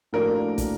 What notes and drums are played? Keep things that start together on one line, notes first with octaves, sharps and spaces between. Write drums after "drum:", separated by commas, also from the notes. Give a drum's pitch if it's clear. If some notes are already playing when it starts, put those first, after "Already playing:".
A2 F3 A#3 D4 F#4 A#4
drum: kick, hi-hat